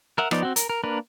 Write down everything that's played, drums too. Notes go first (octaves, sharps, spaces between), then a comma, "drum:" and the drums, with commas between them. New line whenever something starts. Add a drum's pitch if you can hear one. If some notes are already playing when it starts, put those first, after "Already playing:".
A#4 E5 F#5
F3 B3 D#4 D5, drum: rim click
C4 F#4
A#4, drum: hi-hat
A#4
A#3 D4 A#4 B4